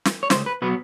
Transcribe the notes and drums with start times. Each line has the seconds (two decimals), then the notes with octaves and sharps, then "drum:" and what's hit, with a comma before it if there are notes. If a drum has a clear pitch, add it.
0.05 drum: snare
0.23 C#5
0.30 C#2 C5, drum: snare
0.46 B4
0.62 B2 F#3 B3 B4